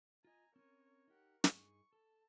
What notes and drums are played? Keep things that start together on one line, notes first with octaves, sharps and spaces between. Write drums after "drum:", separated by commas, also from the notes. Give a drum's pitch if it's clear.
F4 D#5 G#5 A#5
C4 C#4 A#4 C#5
D#4 G4 A#4 F#5
G2 D#4 G#4 C#6, drum: snare
A4 A5